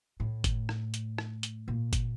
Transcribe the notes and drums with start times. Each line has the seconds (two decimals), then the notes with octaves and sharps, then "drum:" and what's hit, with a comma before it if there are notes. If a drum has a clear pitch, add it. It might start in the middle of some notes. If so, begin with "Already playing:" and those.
0.20 A2
0.44 drum: kick G1, hi-hat
0.69 drum: rim click
0.94 drum: hi-hat
1.18 drum: rim click
1.43 drum: hi-hat
1.68 A#2
1.93 drum: kick G1, hi-hat